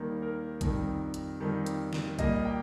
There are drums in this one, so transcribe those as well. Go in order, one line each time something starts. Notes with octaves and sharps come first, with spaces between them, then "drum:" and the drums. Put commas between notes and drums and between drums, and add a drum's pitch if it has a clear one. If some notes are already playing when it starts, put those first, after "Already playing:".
Already playing: D#2 D#3 G3 A#3
A#4
F2 D#3 G3, drum: kick A1, hi-hat
drum: hi-hat
F2 D#3 G3
drum: hi-hat
drum: snare
A#2 G3 A#3 D#5, drum: kick A1, hi-hat
G5